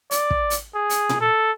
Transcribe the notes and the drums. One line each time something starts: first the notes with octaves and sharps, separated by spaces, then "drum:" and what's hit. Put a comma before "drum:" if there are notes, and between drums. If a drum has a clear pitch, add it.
D5, drum: hi-hat
drum: kick
drum: hi-hat
G#4
drum: hi-hat
drum: tom A#2
A4